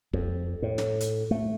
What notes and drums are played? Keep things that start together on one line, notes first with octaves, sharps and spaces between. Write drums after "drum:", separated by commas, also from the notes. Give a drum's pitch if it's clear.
F2, drum: kick
A2
drum: snare
drum: hi-hat
A3